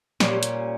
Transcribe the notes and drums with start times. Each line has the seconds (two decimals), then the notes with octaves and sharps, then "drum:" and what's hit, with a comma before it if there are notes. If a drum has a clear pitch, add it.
0.20 A#2 G3 C#4 G4, drum: snare
0.43 drum: hi-hat